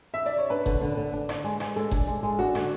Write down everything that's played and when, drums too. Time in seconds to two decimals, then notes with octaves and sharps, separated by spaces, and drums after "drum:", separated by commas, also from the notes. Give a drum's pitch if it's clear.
0.14 E5
0.26 D5
0.38 C#5
0.50 D4 B4
0.66 D3, drum: kick F#1
0.81 D3
0.97 D3
1.13 D4
1.29 D3, drum: rim click
1.44 G#3
1.60 G#3, drum: rim click
1.76 G#3 A4
1.91 D4, drum: kick F#1
2.07 G#3
2.23 G#3
2.39 D4 F#4
2.55 D3, drum: rim click